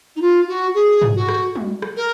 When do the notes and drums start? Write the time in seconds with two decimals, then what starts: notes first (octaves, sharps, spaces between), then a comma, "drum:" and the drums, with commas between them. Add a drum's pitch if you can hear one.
0.15 D#4
0.21 F4
0.48 F#4
0.74 G#4
1.02 drum: tom G#2
1.15 F#4
1.29 drum: rim click
1.55 drum: tom G3
1.82 drum: rim click
1.96 A#4